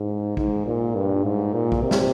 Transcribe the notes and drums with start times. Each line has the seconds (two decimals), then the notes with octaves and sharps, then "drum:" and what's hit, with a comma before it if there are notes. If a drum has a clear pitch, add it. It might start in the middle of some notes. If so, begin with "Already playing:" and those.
Already playing: G#2
0.37 G#2, drum: kick
0.66 A#2
0.95 G2
1.24 G#2
1.53 A#2
1.72 drum: kick
1.82 C3
1.91 drum: snare